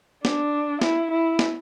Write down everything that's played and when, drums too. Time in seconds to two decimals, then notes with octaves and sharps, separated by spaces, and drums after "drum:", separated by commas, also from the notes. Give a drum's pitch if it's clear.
0.25 D4, drum: snare
0.82 E4, drum: snare
1.11 E4
1.39 drum: snare